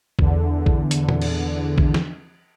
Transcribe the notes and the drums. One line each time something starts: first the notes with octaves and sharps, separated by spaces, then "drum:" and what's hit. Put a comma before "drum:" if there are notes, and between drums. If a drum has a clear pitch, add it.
E2 D3, drum: kick A#1
drum: kick A#1
drum: hi-hat
drum: tom A#2
drum: cymbal
drum: kick A#1
drum: snare